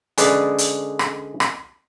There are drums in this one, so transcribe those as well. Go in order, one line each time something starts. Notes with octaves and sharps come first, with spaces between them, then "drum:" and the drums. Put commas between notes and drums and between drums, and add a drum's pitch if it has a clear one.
D3 G#3 C#4 G#4 B4 D5, drum: hi-hat
drum: hi-hat
drum: rim click
drum: rim click